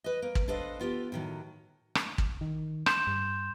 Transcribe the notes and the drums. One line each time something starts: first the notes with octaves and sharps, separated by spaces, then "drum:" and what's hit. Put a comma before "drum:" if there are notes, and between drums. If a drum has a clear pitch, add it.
B4 D#5
A#3
drum: kick
D4 A4 B4 C5 D#5 F5
B3 F4 G4 A4
A2 D#3 F#3
drum: rim click
drum: kick
D#3
C6 G6 E7, drum: rim click
G2